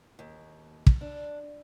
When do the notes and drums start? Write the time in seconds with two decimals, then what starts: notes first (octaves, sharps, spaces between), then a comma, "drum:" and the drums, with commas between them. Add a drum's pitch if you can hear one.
0.19 D#2
0.87 drum: kick
1.01 D4